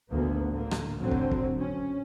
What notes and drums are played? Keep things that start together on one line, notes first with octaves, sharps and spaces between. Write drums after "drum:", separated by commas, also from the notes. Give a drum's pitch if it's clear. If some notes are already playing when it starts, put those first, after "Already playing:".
G#1 D2 A#3 B3
A2 D3 A#3
drum: rim click
G#1 A2 D3 F#3 C4
drum: kick
drum: kick
C#4